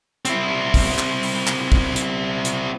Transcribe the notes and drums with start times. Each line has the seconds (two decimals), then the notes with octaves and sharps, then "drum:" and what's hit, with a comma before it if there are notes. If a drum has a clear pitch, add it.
0.25 C4 E4, drum: hi-hat
0.74 drum: kick, open hi-hat
0.98 drum: clap
1.23 drum: open hi-hat
1.47 drum: clap
1.72 drum: kick
1.96 drum: hi-hat
2.45 drum: hi-hat